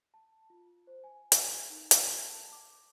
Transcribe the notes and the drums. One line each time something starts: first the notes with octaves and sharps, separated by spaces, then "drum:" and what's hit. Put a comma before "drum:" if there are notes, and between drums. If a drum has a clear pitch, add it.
A5
F4
C5
G#5
G#5, drum: hi-hat
D#4
drum: hi-hat
A5
D6